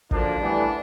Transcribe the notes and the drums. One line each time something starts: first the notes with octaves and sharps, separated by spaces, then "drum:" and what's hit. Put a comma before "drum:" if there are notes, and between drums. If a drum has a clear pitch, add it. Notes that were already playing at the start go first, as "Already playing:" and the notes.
F#2 D3 F3 A#3 D4, drum: kick
A2 E3 G3 B3